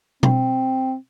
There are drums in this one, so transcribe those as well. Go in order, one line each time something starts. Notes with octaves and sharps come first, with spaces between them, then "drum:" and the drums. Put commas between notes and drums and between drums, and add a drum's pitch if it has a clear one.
C4, drum: tom B2